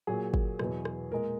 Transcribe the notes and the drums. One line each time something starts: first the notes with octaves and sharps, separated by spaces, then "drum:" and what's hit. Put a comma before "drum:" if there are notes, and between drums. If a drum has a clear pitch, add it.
A#2 F#3 G#4
drum: kick
E2 B2 F#3, drum: rim click
drum: rim click
A#2 G#3 A#4